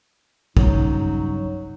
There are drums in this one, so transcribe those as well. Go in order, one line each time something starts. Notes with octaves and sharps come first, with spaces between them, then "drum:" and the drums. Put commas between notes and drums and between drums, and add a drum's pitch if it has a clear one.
G2 C#3 F#3 D#4, drum: kick